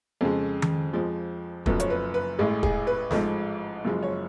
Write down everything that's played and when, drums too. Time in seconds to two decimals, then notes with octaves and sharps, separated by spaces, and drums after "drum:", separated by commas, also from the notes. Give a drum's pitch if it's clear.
0.21 F2 C#3 G#3 A4
0.62 drum: tom D#3
0.93 F2 F3 G#3
1.66 F#1 F#2 F3 A3 B4, drum: kick
1.80 C#5, drum: hi-hat
1.90 B4
2.14 B4
2.39 A1 A2 G#3 G#4
2.63 G#4, drum: kick
2.87 B4
3.11 A1 G#2 F3 G#3 A4, drum: snare
3.85 F#1 F#2 F3 G#3
4.03 C#5